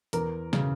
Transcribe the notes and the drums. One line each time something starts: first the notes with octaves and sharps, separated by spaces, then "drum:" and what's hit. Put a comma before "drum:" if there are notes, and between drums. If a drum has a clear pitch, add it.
E2 A#4, drum: hi-hat
C#3, drum: snare